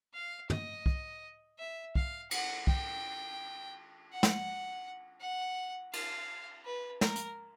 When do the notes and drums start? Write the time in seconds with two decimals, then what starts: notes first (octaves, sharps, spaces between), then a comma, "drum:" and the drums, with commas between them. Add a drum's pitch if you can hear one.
0.14 F5
0.50 D#5, drum: tom
0.86 drum: kick
1.59 E5
1.95 F5, drum: kick
2.31 F#5, drum: cymbal
2.67 G5, drum: kick
4.13 F#5
4.23 drum: snare
5.21 F#5
5.93 F5, drum: cymbal
6.65 B4
7.01 A#4, drum: snare
7.16 drum: hi-hat